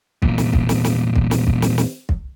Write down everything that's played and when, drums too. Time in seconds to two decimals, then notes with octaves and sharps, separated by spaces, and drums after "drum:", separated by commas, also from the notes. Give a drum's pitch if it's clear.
0.22 E2 A#2, drum: kick
0.38 drum: snare
0.53 drum: kick
0.69 drum: snare
0.84 drum: snare
1.16 drum: kick
1.31 drum: snare
1.47 drum: kick
1.62 drum: snare
1.78 drum: snare
2.09 drum: kick